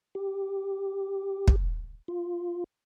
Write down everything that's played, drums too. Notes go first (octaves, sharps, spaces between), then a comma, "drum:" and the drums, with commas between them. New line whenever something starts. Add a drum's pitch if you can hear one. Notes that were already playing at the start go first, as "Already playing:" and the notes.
G4
drum: kick
F4